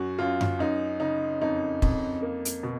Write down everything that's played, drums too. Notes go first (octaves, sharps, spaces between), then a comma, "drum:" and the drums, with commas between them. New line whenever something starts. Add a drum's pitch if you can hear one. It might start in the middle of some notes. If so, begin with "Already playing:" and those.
Already playing: F#2 F#4
F#2 F4
drum: tom F#2
F#2 D#4
C#3 D#4
F2 D#4
F2, drum: kick
A#3
drum: hi-hat
B2